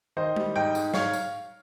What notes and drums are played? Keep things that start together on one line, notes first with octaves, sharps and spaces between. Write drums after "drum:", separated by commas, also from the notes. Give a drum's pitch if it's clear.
D#3 C5 D#5
G3, drum: tom G#3
G#2 D#5 G5
G#2, drum: tambourine
G#2 C#5 F5, drum: snare
drum: tambourine